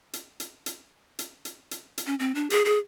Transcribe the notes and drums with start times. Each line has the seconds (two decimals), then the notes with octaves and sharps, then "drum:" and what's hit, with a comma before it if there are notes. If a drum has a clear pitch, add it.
0.13 drum: hi-hat
0.40 drum: hi-hat
0.66 drum: hi-hat
1.19 drum: hi-hat
1.45 drum: hi-hat
1.71 drum: hi-hat
1.98 drum: hi-hat
2.07 C#4
2.19 C4
2.35 D4
2.50 G#4, drum: hi-hat
2.65 G#4